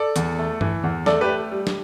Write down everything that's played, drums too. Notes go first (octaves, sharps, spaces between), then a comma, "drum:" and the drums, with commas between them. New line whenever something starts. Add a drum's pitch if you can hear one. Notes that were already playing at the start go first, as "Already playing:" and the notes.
Already playing: A4 D5
E2, drum: hi-hat
A3
E3, drum: tom G2
E2
A3 A4 D5, drum: snare
G4 B4
A3
G3
drum: snare